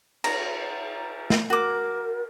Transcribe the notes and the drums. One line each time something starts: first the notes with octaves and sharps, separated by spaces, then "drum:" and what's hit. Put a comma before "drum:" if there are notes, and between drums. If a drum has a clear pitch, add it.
A#5, drum: cymbal
drum: snare
F#4 A#4 D6